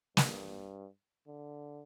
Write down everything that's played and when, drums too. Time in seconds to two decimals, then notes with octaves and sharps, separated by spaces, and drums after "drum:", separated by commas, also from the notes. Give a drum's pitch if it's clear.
0.17 G2, drum: snare
1.28 D3